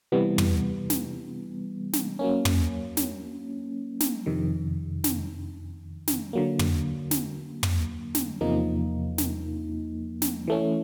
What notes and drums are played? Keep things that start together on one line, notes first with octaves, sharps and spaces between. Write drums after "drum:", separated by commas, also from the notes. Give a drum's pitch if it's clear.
C3 E3 G3 B3
drum: tom
drum: snare
drum: snare
F#3 A#3 C#4
drum: tom
drum: snare
drum: snare
F2 C3 D#3
drum: snare
drum: snare
D3 F#3 A#3
drum: tom
drum: snare
drum: tom
drum: snare
E2 C3 F3 A#3 D#4
drum: snare
drum: snare
E3 A3 C#4